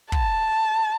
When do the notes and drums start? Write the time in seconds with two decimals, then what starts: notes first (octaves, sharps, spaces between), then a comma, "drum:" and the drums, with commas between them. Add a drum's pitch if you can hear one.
0.12 A5, drum: kick